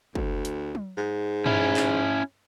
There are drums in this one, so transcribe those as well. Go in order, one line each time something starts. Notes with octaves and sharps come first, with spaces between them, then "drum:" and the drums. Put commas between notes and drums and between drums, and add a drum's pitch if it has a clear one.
D2, drum: kick
drum: hi-hat
drum: tom F#3
G#2
C#4 E4, drum: tom G2
drum: clap